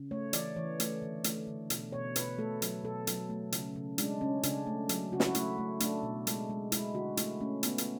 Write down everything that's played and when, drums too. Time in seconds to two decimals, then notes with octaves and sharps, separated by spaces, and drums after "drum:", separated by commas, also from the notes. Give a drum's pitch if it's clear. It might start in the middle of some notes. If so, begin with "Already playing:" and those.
Already playing: C#3
0.11 A3 C#5
0.33 E3 D5, drum: hi-hat
0.56 E3 C#5
0.80 A3, drum: hi-hat
1.02 D3
1.24 A3, drum: hi-hat
1.47 D3
1.70 B2, drum: hi-hat
1.92 B2 C#5
2.16 B2 B4, drum: hi-hat
2.38 A3 A4
2.62 F#3, drum: hi-hat
2.84 B2 A4
3.07 F#3, drum: hi-hat
3.29 A3
3.52 C#3, drum: hi-hat
3.76 C#3
3.98 G#3 D4, drum: hi-hat
4.21 C#3 C#4
4.43 C#3 D4, drum: hi-hat
4.67 A3
4.89 F#3, drum: hi-hat
5.12 C#3 F#4
5.20 E4, drum: snare
5.26 F#4
5.35 A3 E4, drum: hi-hat
5.58 A3
5.80 A3 D4, drum: hi-hat
6.03 B2
6.27 G#3, drum: hi-hat
6.50 G#3
6.72 G#3 E4, drum: hi-hat
6.94 D3 F#4
7.17 A3 E4, drum: hi-hat
7.40 A3 C#4
7.63 A3 B3, drum: hi-hat
7.78 drum: hi-hat